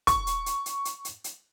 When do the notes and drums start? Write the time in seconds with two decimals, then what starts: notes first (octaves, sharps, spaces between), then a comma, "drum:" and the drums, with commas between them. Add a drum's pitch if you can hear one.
0.07 C#6, drum: kick, hi-hat
0.27 drum: hi-hat
0.46 drum: hi-hat
0.66 drum: hi-hat
0.85 drum: hi-hat
1.05 drum: hi-hat
1.24 drum: hi-hat